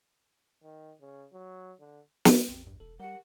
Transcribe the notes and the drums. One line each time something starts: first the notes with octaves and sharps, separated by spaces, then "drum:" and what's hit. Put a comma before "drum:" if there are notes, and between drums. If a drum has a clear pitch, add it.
D#3
C#3
F#3
D3
drum: snare
A1 E2 C4
G2
E1 A4
G3 G4 A#4 F#5